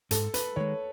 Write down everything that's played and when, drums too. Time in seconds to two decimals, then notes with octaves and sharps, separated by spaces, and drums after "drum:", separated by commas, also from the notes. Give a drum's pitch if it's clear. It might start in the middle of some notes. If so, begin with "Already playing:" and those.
0.11 G#2 A4, drum: hi-hat
0.34 B4, drum: hi-hat
0.56 D#3 G#3 C#5